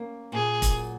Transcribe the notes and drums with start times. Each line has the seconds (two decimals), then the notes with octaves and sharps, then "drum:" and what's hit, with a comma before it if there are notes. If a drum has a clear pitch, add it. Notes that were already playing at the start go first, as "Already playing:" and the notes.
Already playing: A#3 C#4
0.32 A#2 G#4
0.62 drum: kick, hi-hat
0.76 F#3